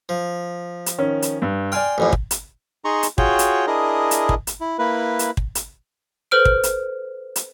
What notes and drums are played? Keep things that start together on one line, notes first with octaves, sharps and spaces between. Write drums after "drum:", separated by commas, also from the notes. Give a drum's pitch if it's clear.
F3
drum: hi-hat
D#3 C#4
drum: hi-hat
G2
D5 G5 G#5 C6 F6
A1 F2 A2
drum: kick
drum: hi-hat
D#4 G#4 A#5 C6 C#6
drum: hi-hat
F4 F#4 G#4 C#5 G5, drum: kick
drum: hi-hat
D4 E4 G#4 A#4 D#5
drum: hi-hat
drum: kick
drum: hi-hat
E4
A#3 E4 B4
drum: hi-hat
drum: kick
drum: hi-hat
A4 B4 C5 F6 D7
drum: kick
drum: hi-hat
drum: hi-hat